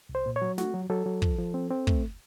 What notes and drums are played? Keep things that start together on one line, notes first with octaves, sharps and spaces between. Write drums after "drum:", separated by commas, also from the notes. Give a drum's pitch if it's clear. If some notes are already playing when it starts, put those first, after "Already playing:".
C2
C5
A#2
C#5
F#3
A3 F#4, drum: snare
F#3
F#3 A4
F#3
F3, drum: kick
F3
C4
C4
A3, drum: kick